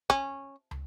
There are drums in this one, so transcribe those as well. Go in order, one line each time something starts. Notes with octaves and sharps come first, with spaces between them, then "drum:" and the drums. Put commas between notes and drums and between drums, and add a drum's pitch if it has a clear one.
C#4, drum: kick
drum: tom